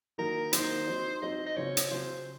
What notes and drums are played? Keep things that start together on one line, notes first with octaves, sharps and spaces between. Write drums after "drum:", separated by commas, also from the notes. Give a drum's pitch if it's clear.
D#3 F#3 A#3 D#4 A#4
D#3 F#3 A#3 D#4 C5, drum: hi-hat
F#3 C4 D#4
F#3 C4 D#4 D#5
D#5
C#3 F#3 C4 F4 C#5
drum: hi-hat
C#3 F#3 C4 F4 C5